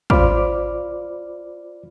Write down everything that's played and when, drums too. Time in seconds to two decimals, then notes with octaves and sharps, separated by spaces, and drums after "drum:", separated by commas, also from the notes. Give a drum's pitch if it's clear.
0.10 F4 C5 D5 B5 D6 F6, drum: kick